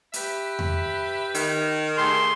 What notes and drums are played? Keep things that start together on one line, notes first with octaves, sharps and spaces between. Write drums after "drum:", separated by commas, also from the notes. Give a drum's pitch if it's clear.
G4 B4 E5, drum: hi-hat
drum: tom E2
D#3, drum: hi-hat
A3 G4 G#4 C6